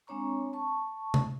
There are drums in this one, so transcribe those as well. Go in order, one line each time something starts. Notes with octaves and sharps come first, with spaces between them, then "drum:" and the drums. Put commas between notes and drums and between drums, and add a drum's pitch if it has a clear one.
G#3 C4 D4 C#5 A#5 C#6
A5 C#6
drum: tom